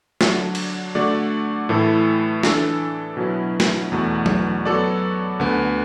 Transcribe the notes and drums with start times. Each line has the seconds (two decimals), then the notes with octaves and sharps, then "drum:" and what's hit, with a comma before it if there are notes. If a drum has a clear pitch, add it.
0.21 D3 F#3 D4, drum: snare
0.55 drum: cymbal
0.95 D3 A3 F#4 D5
1.69 A2 E3 A3 E4 A4
2.43 E3 D4 A4, drum: snare
3.17 B2 F#3 B3 E4
3.60 drum: snare
3.92 E2 B2 A3
4.26 drum: tom F#3
4.65 F#3 B3 F#4 A4 D5
5.40 D2 D3 B3